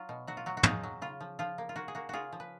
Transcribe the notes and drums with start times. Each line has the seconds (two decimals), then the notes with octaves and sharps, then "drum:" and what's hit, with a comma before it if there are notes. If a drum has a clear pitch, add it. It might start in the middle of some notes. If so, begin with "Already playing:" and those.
Already playing: F#3 F4
0.09 B2
0.27 F#3 F#4
0.37 F4
0.46 F#3 F#4
0.57 F#4
0.63 D#4 F4 G#4, drum: tom
0.83 F#3
1.02 C#3 F4
1.21 F3
1.39 F3 F4
1.58 A#3
1.69 F4
1.76 A#3 F#4
1.88 G#4
1.95 A#3 F#4
2.09 C#3 F4 F#4 G#4
2.32 F3
2.40 B4